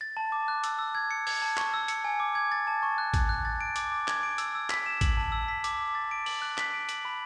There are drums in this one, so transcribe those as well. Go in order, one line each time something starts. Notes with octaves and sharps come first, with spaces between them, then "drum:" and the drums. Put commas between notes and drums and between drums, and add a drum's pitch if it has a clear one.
A6
A5
D6
F#6
E6, drum: hi-hat
E6
G#6
C#7
G#6, drum: open hi-hat
A5
C#6, drum: clap
E6
C#7, drum: hi-hat
G#5
D6
G#6
A6
A5
C#6
F#6
F#6, drum: kick, hi-hat
F#6
A6
D7
D6, drum: hi-hat
D6
G#6, drum: clap
D7
E6, drum: hi-hat
E6
B6, drum: clap
E7
F#7, drum: kick, hi-hat
A5
E6
B6
D6, drum: hi-hat
D6
A6
D7
F#7, drum: open hi-hat
F#6
B6, drum: clap
D7
F#7, drum: hi-hat
B5